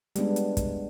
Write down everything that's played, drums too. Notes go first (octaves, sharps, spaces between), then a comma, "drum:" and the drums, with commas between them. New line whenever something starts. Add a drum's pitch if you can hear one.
G3 G#3 B3 D4, drum: hi-hat
drum: hi-hat
drum: kick, hi-hat